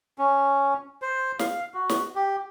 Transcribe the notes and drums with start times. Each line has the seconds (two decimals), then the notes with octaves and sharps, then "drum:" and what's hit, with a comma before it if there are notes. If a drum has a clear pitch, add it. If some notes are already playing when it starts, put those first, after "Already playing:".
0.18 C#4
1.02 C5
1.39 F5, drum: snare
1.74 F#4
1.89 drum: snare
2.15 G4